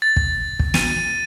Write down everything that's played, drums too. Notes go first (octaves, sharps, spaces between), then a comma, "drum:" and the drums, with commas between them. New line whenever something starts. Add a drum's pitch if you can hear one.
A6
drum: kick
drum: kick
D#7, drum: snare